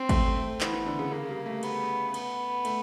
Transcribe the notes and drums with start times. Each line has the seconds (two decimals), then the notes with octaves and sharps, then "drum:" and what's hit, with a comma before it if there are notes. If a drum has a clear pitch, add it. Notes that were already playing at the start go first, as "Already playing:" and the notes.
Already playing: C4
0.09 A3, drum: kick G#1, cymbal
0.36 A3
0.61 E3 B3, drum: clap
0.73 E3
0.86 D3
0.99 C#3
1.11 C#3 A#3
1.29 G3
1.46 A3
1.63 B3, drum: cymbal
2.14 B3, drum: cymbal
2.65 A3, drum: cymbal